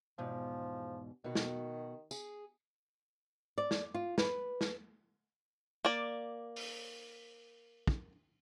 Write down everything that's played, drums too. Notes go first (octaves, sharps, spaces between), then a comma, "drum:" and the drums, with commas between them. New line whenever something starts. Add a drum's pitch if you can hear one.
E2 G#2 B2 F3
B2 D#3 F#4
drum: snare
G#4, drum: tambourine
D5
drum: snare
F4
B4, drum: snare
drum: snare
A#3 D5
drum: open hi-hat
drum: kick